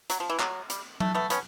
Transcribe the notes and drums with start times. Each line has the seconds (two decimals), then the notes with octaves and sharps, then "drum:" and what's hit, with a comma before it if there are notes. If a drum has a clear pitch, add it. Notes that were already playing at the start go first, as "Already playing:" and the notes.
0.10 F#3, drum: hi-hat
0.20 F3
0.30 E3
0.39 F#3, drum: clap
0.70 G3, drum: hi-hat
1.00 A3, drum: tom F#3
1.14 A3 B3
1.30 B3 C#4, drum: hi-hat